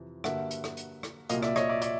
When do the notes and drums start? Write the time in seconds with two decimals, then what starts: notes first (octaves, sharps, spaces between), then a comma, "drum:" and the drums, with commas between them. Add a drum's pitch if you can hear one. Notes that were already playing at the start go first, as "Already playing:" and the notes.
Already playing: F2 C3 E3
0.24 G2 D3 F#3 A#3 E5 F#5, drum: rim click
0.51 drum: hi-hat
0.64 drum: rim click
0.77 drum: hi-hat
1.03 drum: rim click
1.29 C2 A#2 F#3 A#3 D#5 F5, drum: hi-hat
1.43 D5 E5, drum: rim click
1.56 C#5 D#5, drum: rim click
1.69 D5 E5
1.82 D5 E5, drum: hi-hat